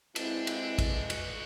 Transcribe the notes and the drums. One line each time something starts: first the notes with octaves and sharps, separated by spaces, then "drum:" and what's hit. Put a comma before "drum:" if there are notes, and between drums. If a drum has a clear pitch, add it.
G#3 C4 D4 E4, drum: cymbal
drum: cymbal
drum: kick A1, cymbal
D2 F#4, drum: cymbal